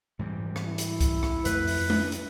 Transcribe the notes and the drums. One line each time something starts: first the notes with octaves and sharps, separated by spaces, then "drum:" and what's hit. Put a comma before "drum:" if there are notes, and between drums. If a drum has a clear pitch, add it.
G#2 E3 G3
drum: rim click
E4
drum: hi-hat
drum: kick B1, hi-hat
drum: rim click
F2 A3 B4, drum: hi-hat
drum: open hi-hat
drum: tom G#3
drum: hi-hat